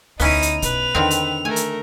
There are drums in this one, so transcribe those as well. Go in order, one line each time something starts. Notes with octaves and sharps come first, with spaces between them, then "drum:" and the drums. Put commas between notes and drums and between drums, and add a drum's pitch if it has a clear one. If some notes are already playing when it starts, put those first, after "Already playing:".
D2 B3 C#4 D#4 E4 D#7, drum: kick, open hi-hat
drum: hi-hat
B2 B4 F7, drum: kick, hi-hat
E2 D3 D#3 C4
drum: hi-hat
A3 A#4 G#5
drum: hi-hat